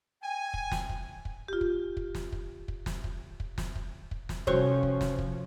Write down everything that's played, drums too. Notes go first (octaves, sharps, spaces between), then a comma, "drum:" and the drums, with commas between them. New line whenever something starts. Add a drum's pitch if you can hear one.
G5 G#5
drum: kick
drum: snare
drum: kick
drum: kick
F4 G4
drum: kick
drum: kick
drum: snare
drum: kick
drum: kick
drum: snare
drum: kick
drum: kick
drum: snare
drum: kick
drum: kick
drum: snare
C3 F3 G3 C#4 F#4 C5 C#5, drum: kick
drum: kick
drum: snare
drum: kick